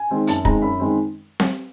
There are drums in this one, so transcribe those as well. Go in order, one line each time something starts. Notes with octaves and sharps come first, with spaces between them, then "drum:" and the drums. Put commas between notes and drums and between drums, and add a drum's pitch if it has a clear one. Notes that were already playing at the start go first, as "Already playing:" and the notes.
Already playing: G#5
D#3 G#3 C4
F#2 A5, drum: hi-hat
D#3 G#3 C4 A#5, drum: kick
F#2 B5
D#3 G#3 C4
drum: snare C4